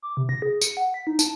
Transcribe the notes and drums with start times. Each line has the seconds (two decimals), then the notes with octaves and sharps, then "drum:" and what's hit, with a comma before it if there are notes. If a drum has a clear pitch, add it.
0.02 D6
0.17 C3
0.29 A#6
0.42 G#4
0.61 C#7, drum: tambourine
0.77 F#5
0.94 B6
1.07 D#4
1.19 A5, drum: tambourine